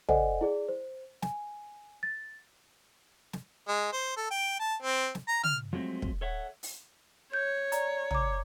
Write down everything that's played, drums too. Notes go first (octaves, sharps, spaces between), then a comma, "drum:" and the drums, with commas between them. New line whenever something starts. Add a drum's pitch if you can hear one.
A4 C5 D5 D#5 F#5 G#5, drum: tom
E4 G#4 D5
C5
G#5, drum: snare
A6
drum: snare
G#3
C5
A4
G5
A5
C4
drum: snare
A#5
F6, drum: tom
F3 F#3 G#3 A3 C4
drum: kick
A4 C#5 E5 F#5
drum: open hi-hat
C#5 G6
D5 A#5, drum: hi-hat
A#5 D6, drum: tom